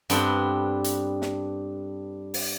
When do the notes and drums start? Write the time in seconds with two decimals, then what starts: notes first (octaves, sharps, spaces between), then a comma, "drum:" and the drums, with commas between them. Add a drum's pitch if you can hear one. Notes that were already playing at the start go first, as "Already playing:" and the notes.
0.10 G2 B3 C4 D4 A4 G5, drum: hi-hat
0.84 drum: hi-hat
1.22 drum: snare
2.34 drum: open hi-hat